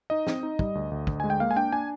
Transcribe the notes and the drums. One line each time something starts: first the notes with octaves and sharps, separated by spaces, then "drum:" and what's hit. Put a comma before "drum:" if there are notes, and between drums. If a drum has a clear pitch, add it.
D#4 D#5
C4, drum: snare
D#4
G3, drum: kick
D2
D2
D2, drum: kick
G#3 G#5
G5
A#3 F5
G#5
D4 G5
D4 G#5